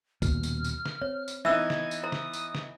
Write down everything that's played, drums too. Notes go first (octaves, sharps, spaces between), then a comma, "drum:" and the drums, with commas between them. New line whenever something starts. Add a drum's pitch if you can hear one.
D#1 D#2 B2 F6, drum: kick, tambourine
drum: tambourine
drum: tambourine
drum: snare
C4 C#5
drum: tambourine
E3 B3 D#4 E5 E6 G#6
drum: snare
drum: tambourine
E4 C5 A#5 D#6
drum: snare
drum: tambourine
drum: snare